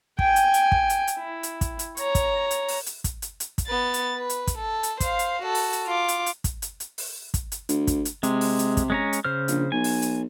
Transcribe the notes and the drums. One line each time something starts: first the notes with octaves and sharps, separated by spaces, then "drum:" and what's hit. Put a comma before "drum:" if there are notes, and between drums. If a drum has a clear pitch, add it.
G5 G#5, drum: kick
drum: hi-hat
drum: hi-hat
drum: kick
drum: hi-hat
drum: hi-hat
E4
drum: hi-hat
drum: kick, hi-hat
drum: hi-hat
C#5 A#5, drum: hi-hat
drum: kick, hi-hat
drum: hi-hat
drum: open hi-hat
drum: hi-hat
drum: kick, hi-hat
drum: hi-hat
drum: hi-hat
drum: kick, hi-hat
B3 A6
drum: hi-hat
B4
drum: hi-hat
drum: kick, hi-hat
A4
drum: hi-hat
C5 F5, drum: kick, hi-hat
drum: hi-hat
F#4 A4
drum: open hi-hat
drum: hi-hat
F4 D6
drum: hi-hat
drum: hi-hat
drum: kick, hi-hat
drum: hi-hat
drum: hi-hat
drum: open hi-hat
drum: kick, hi-hat
drum: hi-hat
D2, drum: hi-hat
drum: kick, hi-hat
drum: hi-hat
C3 G#3, drum: hi-hat
drum: open hi-hat
drum: hi-hat
drum: kick, hi-hat
G#3 C#4 A#5
drum: hi-hat
C#3 C5 F6
A#1, drum: hi-hat
B1 G#5
drum: open hi-hat
drum: hi-hat